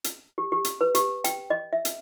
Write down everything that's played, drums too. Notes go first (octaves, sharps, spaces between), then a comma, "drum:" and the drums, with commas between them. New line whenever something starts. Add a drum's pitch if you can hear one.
drum: hi-hat
G4
G4
drum: hi-hat
B4
G4, drum: hi-hat
G5, drum: hi-hat
D#5
E5
drum: hi-hat